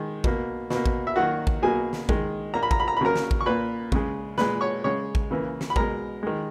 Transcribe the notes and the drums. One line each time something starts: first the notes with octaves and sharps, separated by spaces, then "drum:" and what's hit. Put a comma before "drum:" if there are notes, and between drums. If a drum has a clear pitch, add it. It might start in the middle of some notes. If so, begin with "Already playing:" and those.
Already playing: D#3 G#3
B2 A#3, drum: kick A1
B2 A#3, drum: snare
drum: kick A1
E5
D#3 F#3 A#3 F#4 F#5
drum: kick A1
B2 F#3 A#3 G#4 G#5
drum: snare
D#3 G#3, drum: kick A1
A#2 A#3 A#5
B5
A#5, drum: kick A1
B5
A#5
B5
C#3 F#3 A#3 A#4 A#5
drum: snare
drum: kick A1
C#6
A#2 A#3 B4 B5
C#3 G#3, drum: kick A1
A#2 G#3 B4 B5, drum: snare
C#5 C#6
C#3 G#3 C#5 C#6
drum: kick A1
C#3 E3 A#3
drum: snare
B5
B2 G#3 A#4 A#5, drum: kick A1
D#3 G#3